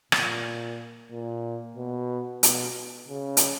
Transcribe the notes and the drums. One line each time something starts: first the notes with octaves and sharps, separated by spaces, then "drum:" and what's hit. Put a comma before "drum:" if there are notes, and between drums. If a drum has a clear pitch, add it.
A#2, drum: rim click
A#2
B2
B2, drum: hi-hat
C#3
drum: hi-hat